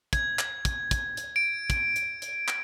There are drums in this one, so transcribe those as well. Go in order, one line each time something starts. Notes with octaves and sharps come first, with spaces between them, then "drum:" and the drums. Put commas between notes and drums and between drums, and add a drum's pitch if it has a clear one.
G#6, drum: kick, hi-hat
drum: clap
drum: kick, hi-hat
drum: kick, hi-hat
drum: hi-hat
D7
drum: kick, hi-hat
drum: hi-hat
drum: hi-hat
drum: clap